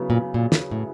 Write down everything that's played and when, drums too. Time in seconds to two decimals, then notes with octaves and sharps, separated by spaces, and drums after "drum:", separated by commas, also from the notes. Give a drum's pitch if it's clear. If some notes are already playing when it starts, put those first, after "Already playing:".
Already playing: C#3 F#3 B3 E4
0.10 A#2
0.34 A#2
0.52 drum: snare
0.71 A2